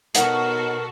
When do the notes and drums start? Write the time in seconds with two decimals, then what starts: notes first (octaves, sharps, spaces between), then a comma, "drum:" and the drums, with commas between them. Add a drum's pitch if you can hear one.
0.15 B2 D#4 F#4 A4 A#4 C#5 F#5, drum: hi-hat